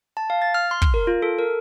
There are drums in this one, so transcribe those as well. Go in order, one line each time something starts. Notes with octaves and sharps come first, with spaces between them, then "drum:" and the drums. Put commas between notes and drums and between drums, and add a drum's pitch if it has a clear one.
A5
F5
A6
F6
C6
drum: kick
A#4
F4
A4
A#4